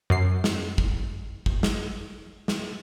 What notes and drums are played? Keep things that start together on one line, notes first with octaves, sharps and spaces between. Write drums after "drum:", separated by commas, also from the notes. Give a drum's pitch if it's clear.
F#2 C7
drum: snare
drum: kick
drum: kick
drum: snare
drum: snare